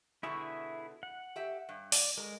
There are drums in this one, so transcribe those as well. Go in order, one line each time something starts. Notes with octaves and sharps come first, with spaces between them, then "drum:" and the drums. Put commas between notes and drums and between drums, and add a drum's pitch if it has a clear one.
B2 D3 E4 G#4 E5
F#5
G4 E5
G2
D5, drum: open hi-hat
G#3 A#4